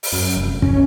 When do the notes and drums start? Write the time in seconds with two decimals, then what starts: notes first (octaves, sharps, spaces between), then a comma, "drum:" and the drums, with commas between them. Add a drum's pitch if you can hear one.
0.03 drum: open hi-hat
0.12 F#2
0.37 F1
0.62 C#4, drum: kick